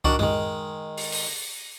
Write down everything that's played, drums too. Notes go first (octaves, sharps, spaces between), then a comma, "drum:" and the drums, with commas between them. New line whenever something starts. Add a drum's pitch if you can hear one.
D#3 D4 F#4, drum: kick C2
D#3 G#3, drum: tom F#2
drum: open hi-hat
drum: open hi-hat